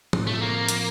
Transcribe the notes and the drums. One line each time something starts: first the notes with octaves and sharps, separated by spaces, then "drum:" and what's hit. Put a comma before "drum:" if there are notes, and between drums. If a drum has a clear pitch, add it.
A2 F3 C4, drum: tom
A3
A#3
drum: hi-hat